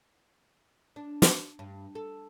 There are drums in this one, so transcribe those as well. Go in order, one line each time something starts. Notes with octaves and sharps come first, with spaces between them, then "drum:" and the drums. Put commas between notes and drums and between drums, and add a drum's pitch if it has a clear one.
D4
drum: snare
G2
A4